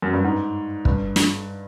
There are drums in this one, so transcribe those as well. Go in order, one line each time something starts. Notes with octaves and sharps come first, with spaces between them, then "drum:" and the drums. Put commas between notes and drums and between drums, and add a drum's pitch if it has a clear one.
F#2
G2
G#2
G2, drum: kick
drum: snare